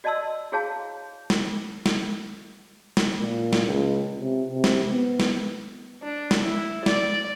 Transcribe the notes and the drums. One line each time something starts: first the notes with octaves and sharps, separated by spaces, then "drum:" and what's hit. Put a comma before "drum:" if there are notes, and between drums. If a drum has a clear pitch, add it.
F#4 D5 D#5 A5 C6 E6
E4 F#4 G#4 C#5 F5 A5
drum: snare
drum: snare
drum: snare
A#2
drum: snare
C#2
C3
C3
drum: snare
B3
drum: snare
D4
drum: snare
E4
D5, drum: snare